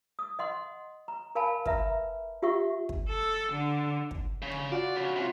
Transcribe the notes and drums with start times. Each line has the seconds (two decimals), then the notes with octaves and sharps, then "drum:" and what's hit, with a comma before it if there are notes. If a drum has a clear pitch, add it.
0.19 D#6
0.39 D#5 F#5 C6
1.08 A#5
1.35 A#4 F5 G#5 A5 B5
1.66 B4 E5 A#5, drum: kick
2.42 F4 G4 E5 F#5 C#6
2.89 drum: kick
3.09 A4
3.53 D3
4.11 drum: kick
4.42 C#3
4.51 drum: tom C#3
4.72 F4 F#4 D5
4.96 C#3
5.16 C3